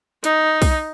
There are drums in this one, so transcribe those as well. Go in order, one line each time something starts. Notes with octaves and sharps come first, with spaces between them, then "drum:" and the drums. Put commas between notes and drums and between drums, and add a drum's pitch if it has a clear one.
D#4, drum: hi-hat
drum: kick, open hi-hat